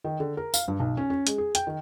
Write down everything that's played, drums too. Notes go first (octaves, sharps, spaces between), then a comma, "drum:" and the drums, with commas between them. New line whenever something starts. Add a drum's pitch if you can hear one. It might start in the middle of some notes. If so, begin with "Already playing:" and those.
D#3
D3
A#4
F5, drum: tambourine
G2
B1
C#4
C#4
G#3, drum: hi-hat
G#4
G5, drum: hi-hat
D#3